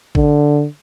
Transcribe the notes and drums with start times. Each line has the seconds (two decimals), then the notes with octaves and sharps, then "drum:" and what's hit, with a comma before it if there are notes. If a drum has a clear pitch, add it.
0.15 D3, drum: kick